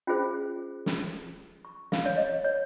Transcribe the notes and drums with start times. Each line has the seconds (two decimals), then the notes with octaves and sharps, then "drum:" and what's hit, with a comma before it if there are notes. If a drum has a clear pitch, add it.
0.07 C#4 F4 G#4 C5
0.86 drum: snare
1.65 C#6
1.92 F5, drum: snare
2.06 C#5
2.17 D#5
2.44 C#5